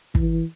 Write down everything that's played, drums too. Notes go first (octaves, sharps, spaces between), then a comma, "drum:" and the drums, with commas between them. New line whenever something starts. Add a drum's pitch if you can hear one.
E3, drum: kick